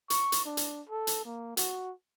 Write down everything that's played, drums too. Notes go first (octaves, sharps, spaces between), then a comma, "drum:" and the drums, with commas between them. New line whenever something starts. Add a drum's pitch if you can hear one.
C#6, drum: hi-hat
drum: hi-hat
D4
drum: hi-hat
A4
drum: hi-hat
A#3
F#4, drum: hi-hat